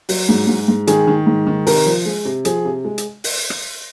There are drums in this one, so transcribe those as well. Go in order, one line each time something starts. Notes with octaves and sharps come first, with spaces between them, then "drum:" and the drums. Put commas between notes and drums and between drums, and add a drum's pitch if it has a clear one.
F#3, drum: open hi-hat
G#2
G#2
G#2
D#3 G#4, drum: hi-hat
D#3
G#2
D#3
C3 A#4, drum: open hi-hat
F3
G#3
C3
F3 G#4, drum: hi-hat
C3
G#3
drum: hi-hat
drum: open hi-hat
drum: rim click